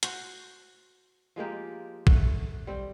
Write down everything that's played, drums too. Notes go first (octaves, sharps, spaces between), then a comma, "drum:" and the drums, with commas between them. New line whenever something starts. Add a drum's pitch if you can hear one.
F#4 C5, drum: hi-hat
F3 G#3 A#3 G4
A3 F#5, drum: kick
G3 C4